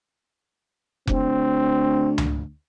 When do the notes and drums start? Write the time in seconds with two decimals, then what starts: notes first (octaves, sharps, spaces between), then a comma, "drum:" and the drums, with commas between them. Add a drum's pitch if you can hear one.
1.07 D2 C4, drum: kick F1
2.18 drum: tom C#2